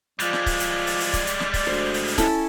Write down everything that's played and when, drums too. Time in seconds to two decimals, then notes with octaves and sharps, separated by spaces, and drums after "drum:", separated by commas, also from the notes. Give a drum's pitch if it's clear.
0.20 F3 G3 G#3 D5, drum: hi-hat
0.33 drum: snare
0.46 drum: kick C#1, open hi-hat
0.60 drum: hi-hat
0.87 drum: open hi-hat
1.00 drum: open hi-hat
1.13 drum: kick C#1, hi-hat
1.27 drum: hi-hat
1.40 drum: snare
1.54 drum: kick C#1, open hi-hat
1.67 D2 C5
1.94 drum: open hi-hat
2.07 drum: open hi-hat
2.18 C#4 E4 A4, drum: kick C#1, hi-hat